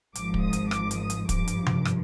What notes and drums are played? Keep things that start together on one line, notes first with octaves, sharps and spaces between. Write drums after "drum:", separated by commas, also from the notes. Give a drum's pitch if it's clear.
G#1 G#2 F3 D6, drum: hi-hat
drum: kick
D#6
drum: hi-hat
D6, drum: rim click
drum: hi-hat
D#6
drum: hi-hat
G#1 G2 F3 D6, drum: kick, hi-hat
drum: hi-hat
drum: tom C3
drum: rim click